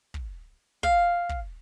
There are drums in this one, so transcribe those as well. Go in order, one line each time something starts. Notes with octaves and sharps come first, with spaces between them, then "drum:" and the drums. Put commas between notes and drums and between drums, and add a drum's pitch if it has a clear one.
drum: kick
F5, drum: kick
drum: kick